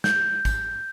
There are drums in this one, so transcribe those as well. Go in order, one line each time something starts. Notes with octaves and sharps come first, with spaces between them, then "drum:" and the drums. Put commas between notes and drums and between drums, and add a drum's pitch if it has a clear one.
G6, drum: snare
drum: kick, tambourine